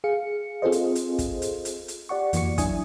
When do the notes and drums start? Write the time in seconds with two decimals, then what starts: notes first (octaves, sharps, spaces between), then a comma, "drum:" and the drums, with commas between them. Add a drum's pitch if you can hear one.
0.04 G#4 F5 C#7
0.62 C4 F4 G#4 A4 C5 D#5
0.72 drum: hi-hat
0.95 drum: hi-hat
1.19 drum: kick, hi-hat
1.42 drum: hi-hat
1.65 drum: hi-hat
1.88 drum: hi-hat
2.09 G4 D5 F#5 C#6
2.33 F2 E3 A#3 F#4 C#6 C#7, drum: hi-hat
2.58 F#3 D4 E4 G#5 D#6, drum: kick, hi-hat